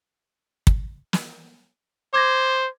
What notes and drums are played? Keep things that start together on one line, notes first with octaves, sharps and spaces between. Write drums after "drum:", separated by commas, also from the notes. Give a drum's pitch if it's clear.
drum: kick
drum: snare
C5 D6 G#6 A#6